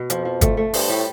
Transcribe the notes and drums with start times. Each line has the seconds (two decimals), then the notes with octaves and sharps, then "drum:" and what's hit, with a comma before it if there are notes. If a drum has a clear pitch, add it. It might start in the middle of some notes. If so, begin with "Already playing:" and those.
Already playing: B2
0.10 F2 F3, drum: hi-hat
0.25 F3
0.41 A3, drum: kick G1, hi-hat
0.57 A3
0.73 G2 C5, drum: open hi-hat
0.89 A2 G3